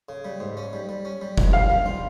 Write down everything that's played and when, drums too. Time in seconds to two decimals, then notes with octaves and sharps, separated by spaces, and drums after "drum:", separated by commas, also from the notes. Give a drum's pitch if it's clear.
0.09 C#3
0.25 G3
0.40 G#2
0.57 C#4
0.73 G3
0.89 G3
1.05 C#4
1.21 G3
1.37 G#2, drum: kick F#1
1.53 G3 F5
1.70 G3
1.86 F4